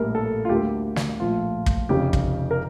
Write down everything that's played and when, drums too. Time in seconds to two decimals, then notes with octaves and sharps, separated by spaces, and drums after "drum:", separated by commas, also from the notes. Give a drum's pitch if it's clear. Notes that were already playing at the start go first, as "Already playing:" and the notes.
Already playing: A#1 A2 G3 A#3 A#4
0.15 A4
0.45 F4
0.49 D2 D3 G3 A#3 G4
0.96 drum: snare
1.20 A#1 A2 F3 A3 F4
1.66 drum: kick
1.89 F1 F2 C#3 G4
2.13 drum: kick
2.51 A#4